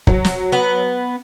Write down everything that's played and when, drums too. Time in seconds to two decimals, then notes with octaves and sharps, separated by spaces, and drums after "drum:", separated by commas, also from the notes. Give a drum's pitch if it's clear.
0.07 F#3, drum: kick
0.25 drum: snare
0.52 B3